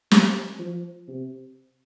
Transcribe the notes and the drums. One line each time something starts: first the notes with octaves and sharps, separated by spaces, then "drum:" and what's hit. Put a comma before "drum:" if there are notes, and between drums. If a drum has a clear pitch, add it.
G3, drum: snare
F3
C3